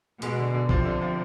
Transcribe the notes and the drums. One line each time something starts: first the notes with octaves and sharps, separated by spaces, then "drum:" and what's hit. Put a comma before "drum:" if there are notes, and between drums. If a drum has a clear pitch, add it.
B2 G#3, drum: hi-hat
D3
D3
C3 F3, drum: kick A#1
D3
F3